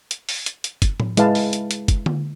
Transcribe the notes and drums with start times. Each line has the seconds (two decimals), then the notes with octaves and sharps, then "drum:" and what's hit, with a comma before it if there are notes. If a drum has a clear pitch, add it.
0.11 drum: hi-hat
0.29 drum: open hi-hat
0.46 drum: hi-hat
0.64 drum: hi-hat
0.82 drum: kick, hi-hat
1.00 drum: tom A2
1.17 G#3 E4 B4 F5 A5, drum: hi-hat
1.35 drum: open hi-hat
1.53 drum: hi-hat
1.71 drum: hi-hat
1.88 drum: kick, hi-hat
2.06 drum: tom D3